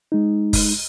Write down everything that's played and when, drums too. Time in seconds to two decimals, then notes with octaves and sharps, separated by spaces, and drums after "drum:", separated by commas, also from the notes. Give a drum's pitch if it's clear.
0.12 G#3 D#4
0.53 drum: kick F#1, open hi-hat